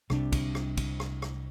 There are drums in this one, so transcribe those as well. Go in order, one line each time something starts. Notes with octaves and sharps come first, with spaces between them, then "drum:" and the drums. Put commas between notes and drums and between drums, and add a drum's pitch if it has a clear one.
C2 C3 G3 D4, drum: rim click
drum: kick, cymbal
drum: rim click
drum: kick, cymbal
drum: rim click
drum: rim click